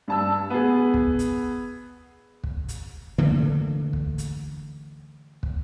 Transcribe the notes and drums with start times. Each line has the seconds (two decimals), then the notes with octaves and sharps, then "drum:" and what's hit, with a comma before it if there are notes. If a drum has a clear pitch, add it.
0.08 G2 A5 E6
0.50 B3 G#4
0.94 drum: kick
1.19 drum: hi-hat
2.44 drum: kick
2.68 drum: hi-hat
3.18 D3 E3 A3 A#3
3.93 drum: kick
4.18 drum: hi-hat
5.43 drum: kick